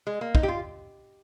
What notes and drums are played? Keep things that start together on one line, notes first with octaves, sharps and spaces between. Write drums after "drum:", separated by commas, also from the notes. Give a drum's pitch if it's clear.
G#3
A#3
D#4, drum: kick
G4
F4